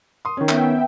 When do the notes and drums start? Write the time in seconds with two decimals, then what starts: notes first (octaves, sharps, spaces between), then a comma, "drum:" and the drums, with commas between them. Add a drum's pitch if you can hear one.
0.25 C6 D#6
0.37 D#3 C#4
0.49 B3 E5 G5, drum: clap